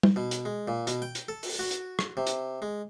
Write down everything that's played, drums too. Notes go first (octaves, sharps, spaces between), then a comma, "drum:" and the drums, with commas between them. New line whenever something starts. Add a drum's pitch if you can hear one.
drum: tom
B2
drum: hi-hat
G#3
A#2
B2, drum: hi-hat
G5
drum: hi-hat
A4
drum: open hi-hat
F#4
drum: hi-hat
drum: rim click
C3
drum: hi-hat
G#3